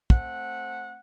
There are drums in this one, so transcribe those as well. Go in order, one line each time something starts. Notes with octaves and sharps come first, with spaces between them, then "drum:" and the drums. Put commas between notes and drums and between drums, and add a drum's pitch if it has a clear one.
A3 C4 F#5, drum: kick